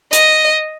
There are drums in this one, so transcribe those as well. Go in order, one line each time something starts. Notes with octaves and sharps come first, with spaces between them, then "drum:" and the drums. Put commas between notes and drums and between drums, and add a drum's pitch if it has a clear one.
D#5, drum: hi-hat